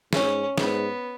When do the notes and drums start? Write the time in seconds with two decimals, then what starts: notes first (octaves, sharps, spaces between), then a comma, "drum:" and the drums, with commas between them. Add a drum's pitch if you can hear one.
0.13 G#2 C#4, drum: snare
0.58 G#2 B3, drum: snare